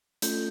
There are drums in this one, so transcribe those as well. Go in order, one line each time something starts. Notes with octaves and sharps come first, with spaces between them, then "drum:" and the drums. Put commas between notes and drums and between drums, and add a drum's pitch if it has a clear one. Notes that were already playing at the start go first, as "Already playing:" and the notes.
A3 C#4 F4 A4 G6, drum: hi-hat